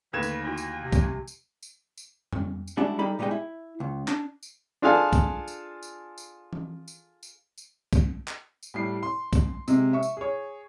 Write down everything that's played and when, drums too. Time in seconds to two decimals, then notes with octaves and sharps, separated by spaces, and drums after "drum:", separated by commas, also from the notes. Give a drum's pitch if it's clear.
0.13 D#2 D3 A3 A4 B4 G#6 E7
0.23 drum: tambourine
0.44 D#4 E4 F#4 G#5
0.58 drum: tambourine
0.83 C3
0.93 drum: kick B1, tambourine
1.28 drum: tambourine
1.63 drum: tambourine
1.98 drum: tambourine
2.33 drum: tom
2.68 drum: tambourine
2.77 G3 G#3 D4 E4 F#4
2.99 G3 D#4 G4 A4 B5
3.19 A#2 G3 G#3 D#4 D#5 G5
3.31 E4
3.80 C#2
4.08 D4, drum: clap
4.43 drum: tambourine
4.82 D4 F4 G#4 A4 F5 G#5
5.13 drum: kick B1, tambourine
5.48 drum: tambourine
5.83 drum: tambourine
6.18 drum: tambourine
6.53 drum: tom E3
6.88 drum: tambourine
7.23 drum: tambourine
7.58 drum: tambourine
7.93 drum: kick B1, tambourine
8.28 drum: clap
8.63 drum: tambourine
8.74 A2 G3 C7
9.03 C6
9.33 drum: kick B1, tambourine
9.68 C3 G#3, drum: tambourine
9.93 E5 C#6
10.03 drum: tambourine
10.17 G#4 C#5